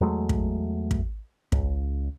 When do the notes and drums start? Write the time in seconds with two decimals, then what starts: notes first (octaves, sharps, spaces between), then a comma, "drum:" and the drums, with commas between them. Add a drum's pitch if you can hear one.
0.01 E2 F#3 G#3 A3
0.29 drum: kick
0.91 drum: kick
1.52 C#2, drum: kick